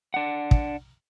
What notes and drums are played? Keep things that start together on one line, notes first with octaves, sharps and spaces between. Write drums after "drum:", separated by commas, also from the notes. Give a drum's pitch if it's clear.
D4 F#5
drum: kick